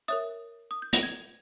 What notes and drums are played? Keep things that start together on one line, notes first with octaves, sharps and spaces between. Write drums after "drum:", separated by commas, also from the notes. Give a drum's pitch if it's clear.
A#4 C#5 E5 D#6
D#6
G6
A#6, drum: hi-hat
G#6